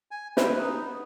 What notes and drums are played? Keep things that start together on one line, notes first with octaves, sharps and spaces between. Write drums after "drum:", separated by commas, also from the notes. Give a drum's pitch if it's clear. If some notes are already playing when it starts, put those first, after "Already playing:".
G#5
B4, drum: snare
D#4
B3